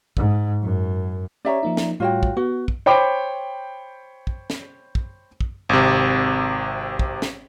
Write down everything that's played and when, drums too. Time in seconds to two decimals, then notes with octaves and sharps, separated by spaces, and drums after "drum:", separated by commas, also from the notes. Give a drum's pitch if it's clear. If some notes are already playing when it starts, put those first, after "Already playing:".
0.17 G#2, drum: kick
0.62 F#2
1.45 C#4 G4 C#5 D5 E5 A#5
1.63 F3 A#3 D#4
1.77 drum: snare
2.00 A2 G3 F4 F#4 C#5 G5
2.23 drum: kick
2.37 B3 F#4
2.68 drum: kick
2.86 C5 C#5 G5 B5 D6
4.27 drum: kick
4.50 drum: snare
4.95 drum: kick
5.41 drum: kick
5.69 G#1 C3
6.99 drum: kick
7.22 drum: snare